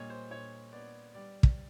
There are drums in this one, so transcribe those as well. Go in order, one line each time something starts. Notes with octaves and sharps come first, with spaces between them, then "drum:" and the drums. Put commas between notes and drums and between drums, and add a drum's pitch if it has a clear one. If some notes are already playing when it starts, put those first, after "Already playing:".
Already playing: A#2 G3 C#5 D#5
C5
A#2 C#5
B3 D5
G3 D5
drum: kick